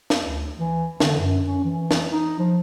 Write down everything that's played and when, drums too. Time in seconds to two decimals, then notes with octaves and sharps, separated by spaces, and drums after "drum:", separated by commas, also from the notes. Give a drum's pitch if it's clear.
0.10 drum: snare
0.22 D2
0.59 E3
1.00 D3, drum: snare
1.18 F#2
1.46 C#4
1.64 E3
1.91 drum: snare
2.11 D#4
2.39 F3